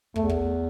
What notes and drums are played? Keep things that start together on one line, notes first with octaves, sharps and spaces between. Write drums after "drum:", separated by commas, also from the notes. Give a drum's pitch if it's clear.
E2 A3, drum: kick
drum: kick